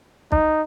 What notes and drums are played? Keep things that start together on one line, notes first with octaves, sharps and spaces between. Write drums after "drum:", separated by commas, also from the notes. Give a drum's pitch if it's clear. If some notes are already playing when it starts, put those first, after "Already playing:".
D#4, drum: kick